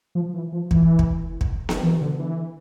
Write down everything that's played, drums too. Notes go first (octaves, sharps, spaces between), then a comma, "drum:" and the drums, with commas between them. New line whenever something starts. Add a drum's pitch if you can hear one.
F3
E3
F3
E3, drum: kick
drum: kick
drum: kick
drum: snare B3
E3
D3
E3